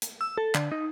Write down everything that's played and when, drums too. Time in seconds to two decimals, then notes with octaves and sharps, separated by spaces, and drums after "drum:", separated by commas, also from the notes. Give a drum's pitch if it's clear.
0.02 drum: hi-hat
0.21 E6
0.38 A4
0.55 D3, drum: clap
0.72 D#4